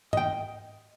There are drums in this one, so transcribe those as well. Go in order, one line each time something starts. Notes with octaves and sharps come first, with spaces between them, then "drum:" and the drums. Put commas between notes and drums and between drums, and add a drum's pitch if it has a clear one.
D#5 G5, drum: tom G#2